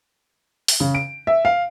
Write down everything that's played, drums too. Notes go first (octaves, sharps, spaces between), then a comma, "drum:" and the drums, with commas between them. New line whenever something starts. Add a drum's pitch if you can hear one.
drum: open hi-hat
C#3
D7
E5
F5